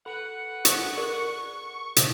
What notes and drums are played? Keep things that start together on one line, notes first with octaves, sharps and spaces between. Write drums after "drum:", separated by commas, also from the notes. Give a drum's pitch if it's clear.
F#4 A4 B4 F#5 B5
C#6, drum: hi-hat
G#4 A#4 D5
A#2 C#3, drum: hi-hat